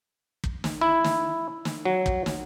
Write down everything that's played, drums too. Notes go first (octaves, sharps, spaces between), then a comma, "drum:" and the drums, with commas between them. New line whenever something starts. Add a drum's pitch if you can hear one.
drum: kick
drum: snare
E4
drum: snare
drum: snare
F#3
drum: kick
drum: snare